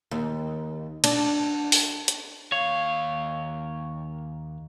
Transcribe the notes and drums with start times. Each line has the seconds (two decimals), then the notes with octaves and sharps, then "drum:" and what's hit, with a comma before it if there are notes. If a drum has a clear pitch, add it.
0.11 D#2
1.04 D4, drum: cymbal
1.72 drum: open hi-hat
2.08 drum: hi-hat
2.52 D#2 C#5 F5